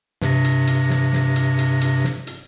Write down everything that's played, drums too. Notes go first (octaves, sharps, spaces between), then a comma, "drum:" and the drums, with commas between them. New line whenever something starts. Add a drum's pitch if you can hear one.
G2 C3 A#6, drum: snare
drum: hi-hat
drum: hi-hat
drum: snare
drum: snare
drum: hi-hat
drum: hi-hat
drum: hi-hat
drum: snare
drum: hi-hat